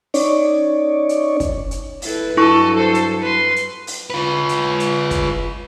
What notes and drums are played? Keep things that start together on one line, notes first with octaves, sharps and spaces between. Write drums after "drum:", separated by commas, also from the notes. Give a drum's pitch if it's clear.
C#4 D#4 C#5 D5, drum: open hi-hat
drum: hi-hat
drum: kick, hi-hat
drum: hi-hat
E4 A4 B4, drum: open hi-hat
G2 F#3 E4 A4 D#5 C#6
A4 C5
drum: hi-hat
B4 C6
drum: hi-hat
drum: open hi-hat
F4 B4
drum: hi-hat
drum: hi-hat
drum: kick, hi-hat